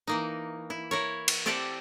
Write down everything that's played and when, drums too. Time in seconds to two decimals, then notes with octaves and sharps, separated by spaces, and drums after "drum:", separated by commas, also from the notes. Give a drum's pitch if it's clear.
0.07 E3 A#3 D#4
0.70 E4
0.91 E4 A#4 C#5
1.28 drum: cymbal
1.46 C4 G4 D5 E5 F#5 A5